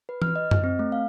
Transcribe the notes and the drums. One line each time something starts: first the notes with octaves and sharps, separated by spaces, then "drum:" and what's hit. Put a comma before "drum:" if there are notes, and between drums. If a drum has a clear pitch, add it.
B4
F6, drum: tom E3
D#5
D#5, drum: tom F#2
C4
A3
F5